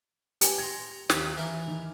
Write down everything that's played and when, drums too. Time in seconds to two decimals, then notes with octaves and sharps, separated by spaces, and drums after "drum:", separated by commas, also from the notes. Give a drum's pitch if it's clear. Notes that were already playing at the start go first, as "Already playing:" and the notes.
0.41 G4 B4 G#5, drum: hi-hat
0.58 A#5 C6 G#6
1.10 D#2 B5 G#6, drum: snare
1.37 E3 A#4 D6
1.68 D#3